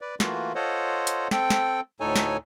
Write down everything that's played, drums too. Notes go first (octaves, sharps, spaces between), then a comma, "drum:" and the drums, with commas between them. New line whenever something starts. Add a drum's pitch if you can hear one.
B4 D5
E3 A3 A#3 F4 F#4, drum: snare
F4 A4 C5 C#5 D#5 F#5
drum: hi-hat
C4 A4 G5, drum: snare
drum: snare
D2 A2 D#4 A4 C#5 G#5
drum: snare